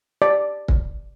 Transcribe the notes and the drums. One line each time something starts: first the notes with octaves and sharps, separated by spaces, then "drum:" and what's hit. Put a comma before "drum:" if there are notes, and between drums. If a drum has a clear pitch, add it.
D5
drum: kick